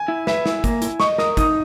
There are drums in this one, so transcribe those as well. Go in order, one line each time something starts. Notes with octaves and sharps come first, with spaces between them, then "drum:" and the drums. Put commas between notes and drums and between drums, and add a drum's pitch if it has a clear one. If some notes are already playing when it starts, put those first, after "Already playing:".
Already playing: G#5
E4
B4 E5, drum: snare
E4, drum: snare
A#3, drum: kick, hi-hat
E4, drum: hi-hat
D#5 C#6, drum: snare
A#4 D#6, drum: snare
D#4 D#6, drum: kick, hi-hat